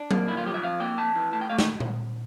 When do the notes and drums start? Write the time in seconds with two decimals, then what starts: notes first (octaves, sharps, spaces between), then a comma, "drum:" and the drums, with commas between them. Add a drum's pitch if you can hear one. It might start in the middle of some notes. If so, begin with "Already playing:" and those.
Already playing: D4
0.11 A#3, drum: tom F#3
0.28 G2 E4
0.37 F4
0.45 F3 G4
0.54 E5
0.63 F2 F5
0.80 A#3 G5
0.97 F2 A5
1.15 E3
1.32 A2 A5
1.41 G5
1.50 A3 F5
1.59 G5, drum: snare
1.80 drum: tom A#2